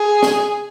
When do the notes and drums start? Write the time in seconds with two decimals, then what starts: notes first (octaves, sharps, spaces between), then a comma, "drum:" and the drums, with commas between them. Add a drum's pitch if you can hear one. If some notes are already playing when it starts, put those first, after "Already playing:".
Already playing: G#4
0.22 drum: snare